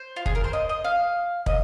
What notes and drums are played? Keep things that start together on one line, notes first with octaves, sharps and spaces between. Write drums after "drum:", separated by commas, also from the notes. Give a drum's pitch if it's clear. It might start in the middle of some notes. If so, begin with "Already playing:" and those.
Already playing: C5
F4
G#4, drum: kick
A#4
C5
D#5
D#5
F5
D#5, drum: kick